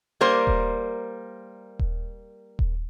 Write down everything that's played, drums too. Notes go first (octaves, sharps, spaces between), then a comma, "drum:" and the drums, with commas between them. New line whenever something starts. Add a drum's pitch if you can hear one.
G3 A#3 A#4 C5
drum: kick D#1
drum: kick D#1
drum: kick D#1